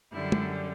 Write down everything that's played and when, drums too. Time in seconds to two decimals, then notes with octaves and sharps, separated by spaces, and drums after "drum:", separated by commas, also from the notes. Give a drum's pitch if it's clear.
0.12 F#2 D3 G3 E4
0.32 drum: tom